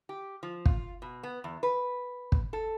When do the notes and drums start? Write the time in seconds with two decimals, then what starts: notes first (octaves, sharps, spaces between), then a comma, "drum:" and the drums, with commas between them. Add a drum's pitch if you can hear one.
0.09 G4
0.43 F3
0.66 F4, drum: kick
1.02 B2
1.23 B3
1.44 E2
1.63 B4
2.32 drum: kick
2.53 A4